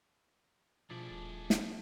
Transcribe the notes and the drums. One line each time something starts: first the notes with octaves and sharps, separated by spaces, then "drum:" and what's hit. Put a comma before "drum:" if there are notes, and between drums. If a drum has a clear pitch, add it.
B2 F3 A3 D4 E4 G#4 D5
D#1
drum: snare